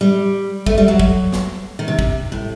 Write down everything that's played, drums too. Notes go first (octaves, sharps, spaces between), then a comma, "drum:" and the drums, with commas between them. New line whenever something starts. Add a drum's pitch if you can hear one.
G3
A3, drum: kick
G3
F#3
drum: kick
drum: snare
D#3
C3
drum: kick
A2